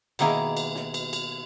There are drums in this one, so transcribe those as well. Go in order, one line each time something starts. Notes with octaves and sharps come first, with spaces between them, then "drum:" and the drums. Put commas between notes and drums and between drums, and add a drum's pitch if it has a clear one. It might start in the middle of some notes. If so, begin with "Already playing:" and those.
B2 D#3 A#3 E4 G#4, drum: cymbal
drum: cymbal
drum: snare
drum: cymbal
drum: cymbal